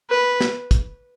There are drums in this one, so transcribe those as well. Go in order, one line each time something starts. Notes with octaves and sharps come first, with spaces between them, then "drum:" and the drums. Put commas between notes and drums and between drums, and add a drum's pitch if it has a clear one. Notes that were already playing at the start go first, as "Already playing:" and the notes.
B4
drum: snare
drum: kick, hi-hat